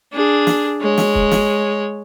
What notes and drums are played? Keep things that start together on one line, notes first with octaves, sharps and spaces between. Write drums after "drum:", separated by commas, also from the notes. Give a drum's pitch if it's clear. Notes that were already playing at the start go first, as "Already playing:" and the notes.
D4 G#4
drum: snare
G#3 C#5
drum: snare
drum: kick
drum: snare